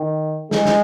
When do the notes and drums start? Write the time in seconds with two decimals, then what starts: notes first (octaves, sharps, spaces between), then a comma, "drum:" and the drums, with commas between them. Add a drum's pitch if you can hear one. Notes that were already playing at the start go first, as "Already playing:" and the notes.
Already playing: D#3
0.51 G#3, drum: snare
0.65 drum: snare